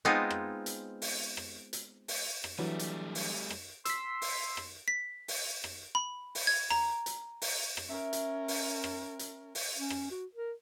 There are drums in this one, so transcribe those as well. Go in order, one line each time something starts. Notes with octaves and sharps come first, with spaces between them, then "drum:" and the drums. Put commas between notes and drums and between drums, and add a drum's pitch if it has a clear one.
G#3 B3 C4 D#4 F4
drum: rim click
drum: hi-hat
drum: open hi-hat
drum: rim click
drum: hi-hat
drum: open hi-hat
drum: rim click
E3 F#3 G3 A3 D4
drum: hi-hat
drum: open hi-hat
drum: rim click
C6 E6 B6, drum: hi-hat
drum: open hi-hat
drum: rim click
B6
drum: open hi-hat
drum: rim click
B5
drum: open hi-hat
G#6
A#5, drum: rim click
drum: hi-hat
drum: open hi-hat
drum: rim click
C#4 A#4 E5
drum: hi-hat
drum: open hi-hat
drum: rim click
drum: hi-hat
drum: open hi-hat
C#4
drum: rim click
F#4
A#4